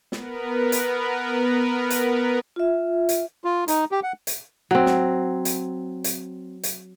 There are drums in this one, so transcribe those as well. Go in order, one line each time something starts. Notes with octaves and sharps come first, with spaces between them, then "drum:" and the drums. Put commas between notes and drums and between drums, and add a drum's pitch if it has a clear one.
B3 A#4 B4, drum: snare
drum: hi-hat
drum: hi-hat
F4 E5
drum: hi-hat
F4
D#4, drum: hi-hat
G4
F#5
drum: hi-hat
F#3 C4
drum: snare
drum: hi-hat
drum: hi-hat
drum: hi-hat